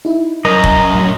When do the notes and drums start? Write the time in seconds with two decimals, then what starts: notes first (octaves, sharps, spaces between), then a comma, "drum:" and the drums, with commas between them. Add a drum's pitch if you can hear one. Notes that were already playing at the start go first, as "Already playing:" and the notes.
0.05 D#4 E4
0.45 F#2 A#4 D#5 A#5
0.64 drum: kick F1
0.94 A2 F#3